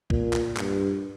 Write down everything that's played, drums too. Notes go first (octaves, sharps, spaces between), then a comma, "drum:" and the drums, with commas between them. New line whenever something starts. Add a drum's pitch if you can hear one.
A#2, drum: kick B1
drum: clap
G2, drum: clap